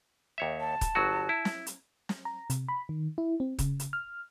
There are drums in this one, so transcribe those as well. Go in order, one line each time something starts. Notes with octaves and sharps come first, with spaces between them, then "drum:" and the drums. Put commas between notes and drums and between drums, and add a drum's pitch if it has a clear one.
D#2 C#5 E5
A5
drum: kick, hi-hat
G1 F#3 F#4
E4
drum: snare
drum: hi-hat
drum: snare
A#5
C3, drum: hi-hat
B5
D#3
E4
C4
C#3, drum: kick, hi-hat
drum: hi-hat
F6